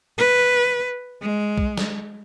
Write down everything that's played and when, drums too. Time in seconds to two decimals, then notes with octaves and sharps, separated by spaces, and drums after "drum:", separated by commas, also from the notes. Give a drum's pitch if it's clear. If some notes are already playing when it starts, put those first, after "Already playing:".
0.18 B4
1.22 G#3
1.58 drum: kick B1
1.78 drum: snare